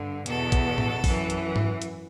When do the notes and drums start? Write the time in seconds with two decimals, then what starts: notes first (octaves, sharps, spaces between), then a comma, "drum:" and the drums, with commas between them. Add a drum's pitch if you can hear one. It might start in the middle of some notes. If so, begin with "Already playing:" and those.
Already playing: G2 D3
0.26 E2 B2 A4, drum: hi-hat
0.52 drum: kick A1, hi-hat
0.78 drum: tom A2
1.04 F#2 E3, drum: kick A1, open hi-hat
1.30 drum: hi-hat
1.56 drum: tom G#2
1.82 drum: hi-hat